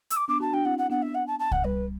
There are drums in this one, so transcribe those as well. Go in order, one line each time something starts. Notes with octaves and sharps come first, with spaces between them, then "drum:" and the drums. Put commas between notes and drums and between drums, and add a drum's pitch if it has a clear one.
E6, drum: hi-hat
D6
B3 D4 D6
D4 F#4 A5
D4 F#4 G5
C4 E4 F#5
F#5
B3 D4 F#5
E5
F#5
A5
A5
F#5, drum: kick C2
G3 B4